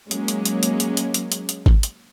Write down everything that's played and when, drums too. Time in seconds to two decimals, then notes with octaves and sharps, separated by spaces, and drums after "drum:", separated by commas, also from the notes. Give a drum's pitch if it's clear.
0.11 F#3 G#3 A#3 C#4, drum: hi-hat
0.28 drum: hi-hat
0.45 drum: hi-hat
0.63 drum: hi-hat
0.80 drum: hi-hat
0.97 drum: hi-hat
1.14 drum: hi-hat
1.32 drum: hi-hat
1.49 drum: hi-hat
1.66 drum: kick G#1
1.83 drum: hi-hat